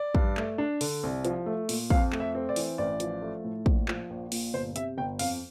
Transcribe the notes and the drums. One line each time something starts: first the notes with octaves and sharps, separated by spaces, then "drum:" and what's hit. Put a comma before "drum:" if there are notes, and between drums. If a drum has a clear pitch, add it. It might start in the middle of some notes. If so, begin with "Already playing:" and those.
Already playing: D5
G2, drum: kick
A3, drum: clap
D4
D3, drum: open hi-hat
C2
F3, drum: hi-hat
A3
A#2, drum: open hi-hat
F2 F5, drum: kick
A3, drum: clap
E5
C4
D5
E3, drum: open hi-hat
A1 D5
F3, drum: hi-hat
A3
A2
A#1, drum: kick
F3, drum: clap
A#1
A#2, drum: open hi-hat
G1 C5
C3 E5, drum: hi-hat
G1 G5
F2 F5, drum: open hi-hat